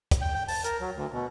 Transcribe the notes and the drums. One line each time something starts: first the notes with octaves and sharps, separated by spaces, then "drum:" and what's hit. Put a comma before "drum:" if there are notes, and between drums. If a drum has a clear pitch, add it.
drum: kick, hi-hat
G5
G5
A5, drum: open hi-hat
A#4, drum: hi-hat
F#3
D2
B2